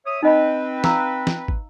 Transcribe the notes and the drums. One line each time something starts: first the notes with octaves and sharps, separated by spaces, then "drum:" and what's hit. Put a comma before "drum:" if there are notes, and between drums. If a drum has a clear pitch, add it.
C#5 E5 D#6
C4 D#4 B4 D#5 B5
F5 A#5 E6, drum: snare
drum: snare
drum: kick